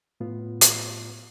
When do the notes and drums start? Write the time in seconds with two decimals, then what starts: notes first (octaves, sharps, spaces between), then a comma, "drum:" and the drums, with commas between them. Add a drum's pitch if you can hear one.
0.20 A2 B3 F4
0.61 drum: hi-hat